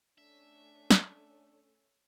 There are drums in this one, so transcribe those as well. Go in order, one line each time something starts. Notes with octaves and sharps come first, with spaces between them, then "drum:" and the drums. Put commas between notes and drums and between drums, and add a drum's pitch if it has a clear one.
A3 C#4 D4 E5
drum: snare